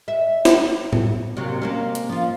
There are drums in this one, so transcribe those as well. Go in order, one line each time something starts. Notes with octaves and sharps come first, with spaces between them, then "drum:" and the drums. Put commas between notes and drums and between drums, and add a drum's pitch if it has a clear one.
E5
drum: snare
drum: tom A2
C3 F#3 A#3
A#3 C4 C#4
drum: hi-hat
F3 F4